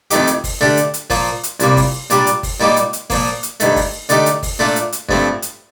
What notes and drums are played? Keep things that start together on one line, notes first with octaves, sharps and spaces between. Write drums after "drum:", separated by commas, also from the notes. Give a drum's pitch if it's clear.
F2 D#3 A3 D#4 G4, drum: hi-hat
drum: hi-hat
drum: kick G1, open hi-hat
D3 A3 D4 G4
drum: hi-hat
drum: hi-hat
A#2 F3 A#3 F4, drum: kick G1, open hi-hat
drum: hi-hat
C2 A#2 G3 A#3, drum: hi-hat
drum: kick G1, open hi-hat
A#2 G3 D4 G4, drum: hi-hat
drum: hi-hat
drum: kick G1, open hi-hat
A#2 G3 A#3 D#4 G4
drum: hi-hat
drum: hi-hat
A#2 F3 A#3, drum: kick G1, open hi-hat
drum: hi-hat
G2 D#3 A3, drum: hi-hat
drum: kick G1, open hi-hat
D3 A3 D#4 G4, drum: hi-hat
drum: hi-hat
drum: kick G1, open hi-hat
A#2 A3 D4 F4
drum: hi-hat
drum: hi-hat
G2 F3 A3 C4, drum: kick G1
drum: hi-hat